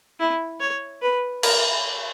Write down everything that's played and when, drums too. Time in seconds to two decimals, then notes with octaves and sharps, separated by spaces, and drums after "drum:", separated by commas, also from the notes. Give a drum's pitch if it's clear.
0.20 E4
0.60 C#5
1.02 B4
1.43 A#4, drum: cymbal